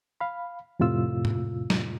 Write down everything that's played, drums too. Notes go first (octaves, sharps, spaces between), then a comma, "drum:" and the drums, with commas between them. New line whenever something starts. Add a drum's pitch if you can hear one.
F5 B5
F2 A2 C3 F4 E6
drum: tom G#2
drum: snare F#3